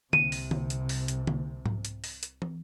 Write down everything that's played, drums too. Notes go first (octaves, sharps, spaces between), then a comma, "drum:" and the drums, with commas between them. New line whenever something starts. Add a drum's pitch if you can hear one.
C2 C3 D#7, drum: tom D3
drum: open hi-hat
drum: tom D3
drum: hi-hat
drum: open hi-hat
drum: hi-hat
drum: tom D3
drum: tom G#2
drum: hi-hat
drum: open hi-hat
drum: hi-hat
drum: tom